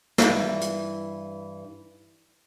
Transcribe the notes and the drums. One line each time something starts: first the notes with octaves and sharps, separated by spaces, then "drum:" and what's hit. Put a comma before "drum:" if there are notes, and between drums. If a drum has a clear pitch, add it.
G2 E3, drum: snare
drum: hi-hat